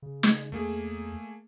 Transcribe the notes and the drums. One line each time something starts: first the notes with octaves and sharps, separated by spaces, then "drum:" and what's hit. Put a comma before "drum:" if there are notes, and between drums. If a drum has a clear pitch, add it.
C#3
drum: snare
E2 A3 A#3 G#4